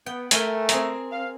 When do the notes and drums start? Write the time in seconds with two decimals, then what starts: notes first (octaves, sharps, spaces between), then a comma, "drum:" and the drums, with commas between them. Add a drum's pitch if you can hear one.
0.06 B3 G5
0.31 A3 A#4 G5 G#5, drum: hi-hat
0.69 C4 G#4 A#5, drum: hi-hat
1.12 F5